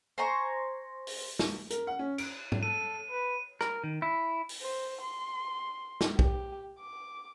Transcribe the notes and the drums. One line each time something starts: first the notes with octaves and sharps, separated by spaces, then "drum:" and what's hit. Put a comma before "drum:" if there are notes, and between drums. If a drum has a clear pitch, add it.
C5 G#5 A#5 C#6
drum: open hi-hat
drum: snare
A#4, drum: hi-hat
F#5
C#4
D7, drum: cymbal
drum: tom
A4 D#7
B4
A#4, drum: rim click
D#3
E4
drum: open hi-hat
C5
C6
drum: snare
G4, drum: kick
D6